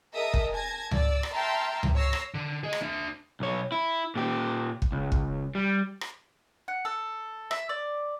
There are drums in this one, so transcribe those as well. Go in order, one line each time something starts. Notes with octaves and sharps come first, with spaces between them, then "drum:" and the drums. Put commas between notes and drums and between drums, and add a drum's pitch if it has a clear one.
G#4 A#4 D#5 E5 A5 D#6
drum: kick
G#5 A5 G#6 A#6
D5 E6, drum: tom C#2
drum: rim click
E5 G5 A5 A#5 C6 F6
drum: tom C#2
C#5 E6 A#6 C7
drum: rim click
D3
G#4 D#5
drum: rim click
D4 E5
B1 C#5
E4
A#2 G4
drum: kick
C#2
drum: kick
G3
drum: rim click
F#5
A4
E5, drum: rim click
D5